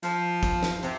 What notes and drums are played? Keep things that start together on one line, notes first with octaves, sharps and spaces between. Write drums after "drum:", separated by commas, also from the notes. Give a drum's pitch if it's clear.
F3, drum: hi-hat
drum: kick, hi-hat
drum: snare
C3, drum: hi-hat